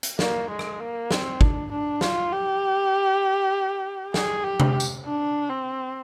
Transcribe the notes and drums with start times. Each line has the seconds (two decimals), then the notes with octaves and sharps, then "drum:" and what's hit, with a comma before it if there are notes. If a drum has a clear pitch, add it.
0.03 drum: hi-hat
0.19 A#3, drum: snare
0.50 G#3
0.59 drum: rim click
0.80 A#3
1.11 C4, drum: snare
1.41 D4, drum: kick
1.71 D4
2.01 F4, drum: snare
2.32 G4
4.14 G#4, drum: snare
4.44 G4
4.60 drum: tom C3
4.80 drum: tambourine
5.05 D4
5.50 C4